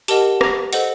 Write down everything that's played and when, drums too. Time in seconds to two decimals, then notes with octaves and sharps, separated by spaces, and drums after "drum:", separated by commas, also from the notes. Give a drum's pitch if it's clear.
0.08 G4 A#4 D#5 F#5 A5, drum: hi-hat
0.41 A#5, drum: rim click
0.73 A4 C5 D#5 F#5, drum: hi-hat